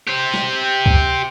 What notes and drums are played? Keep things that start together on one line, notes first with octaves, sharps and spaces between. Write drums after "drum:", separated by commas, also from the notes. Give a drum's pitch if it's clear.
G4 C5
drum: snare
drum: kick